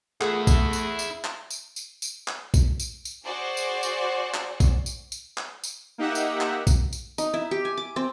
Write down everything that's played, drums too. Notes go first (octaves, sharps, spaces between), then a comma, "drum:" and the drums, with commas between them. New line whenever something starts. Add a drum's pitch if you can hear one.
A3 A#3 E4 F4 G#4 F#5, drum: clap
drum: kick, tambourine
E5
drum: tambourine
drum: tambourine
drum: clap
drum: tambourine
drum: tambourine
drum: tambourine
drum: clap
drum: kick, tambourine
drum: tambourine
drum: tambourine
F#4 G#4 C5 D5
drum: tambourine
drum: tambourine
drum: clap
drum: kick, tambourine
drum: tambourine
drum: tambourine
drum: clap
drum: tambourine
A#3 D#4 G4 E5 F#5
drum: tambourine
drum: clap
drum: kick, tambourine
drum: tambourine
D#4, drum: tambourine
E4
G4
G#5
D6
C4